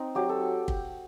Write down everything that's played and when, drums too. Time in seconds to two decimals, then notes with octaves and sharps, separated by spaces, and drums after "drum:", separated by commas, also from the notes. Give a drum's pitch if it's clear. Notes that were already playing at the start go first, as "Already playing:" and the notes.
Already playing: C4 D#4
0.15 F#3 G4
0.29 A4
0.68 drum: kick